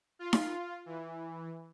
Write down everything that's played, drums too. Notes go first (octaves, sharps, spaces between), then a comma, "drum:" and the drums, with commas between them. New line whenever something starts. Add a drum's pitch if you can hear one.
F4
drum: snare D#4
E3